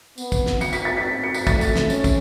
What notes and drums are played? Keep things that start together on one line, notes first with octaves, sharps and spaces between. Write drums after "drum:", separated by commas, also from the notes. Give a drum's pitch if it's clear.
B3, drum: tambourine
drum: kick, tambourine
drum: snare
C#7, drum: tambourine
B6, drum: tambourine
A6
B6
C#7
B6, drum: tambourine
A3 A6, drum: kick, tambourine
drum: tambourine
drum: snare
C#4, drum: tambourine
drum: kick, tambourine